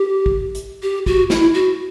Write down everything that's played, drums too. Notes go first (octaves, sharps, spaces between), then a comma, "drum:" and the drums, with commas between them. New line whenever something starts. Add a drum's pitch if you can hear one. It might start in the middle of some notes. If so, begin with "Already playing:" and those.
Already playing: G4
drum: kick
drum: hi-hat
G4
F#4, drum: kick
E4, drum: snare
F#4